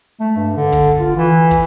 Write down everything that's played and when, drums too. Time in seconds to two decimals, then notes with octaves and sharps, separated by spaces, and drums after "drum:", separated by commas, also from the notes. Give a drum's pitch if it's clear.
0.20 A3
0.36 G2
0.57 D3
0.72 drum: kick
1.00 F4
1.16 E3
1.51 drum: kick